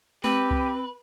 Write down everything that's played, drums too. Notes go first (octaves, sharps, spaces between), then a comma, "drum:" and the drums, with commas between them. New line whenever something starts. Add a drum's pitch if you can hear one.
C4 G4 B4, drum: tom G#3
drum: kick C2